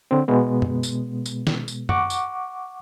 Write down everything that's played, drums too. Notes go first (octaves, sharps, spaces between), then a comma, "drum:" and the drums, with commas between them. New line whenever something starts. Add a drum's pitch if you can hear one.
D3 C4
B2 G#3 B3
drum: tom
drum: tambourine
drum: tambourine
drum: snare
drum: tambourine
F#5 C#6 D6, drum: tom
drum: tambourine